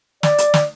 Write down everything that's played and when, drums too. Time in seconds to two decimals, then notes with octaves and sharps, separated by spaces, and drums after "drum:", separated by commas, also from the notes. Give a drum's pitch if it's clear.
0.23 D5, drum: snare
0.38 drum: hi-hat
0.54 drum: snare